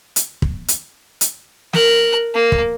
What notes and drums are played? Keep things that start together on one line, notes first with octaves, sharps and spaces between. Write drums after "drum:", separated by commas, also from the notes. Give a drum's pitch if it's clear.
drum: hi-hat
drum: kick
drum: hi-hat
drum: hi-hat
A#4 F#6, drum: snare
A#3
drum: kick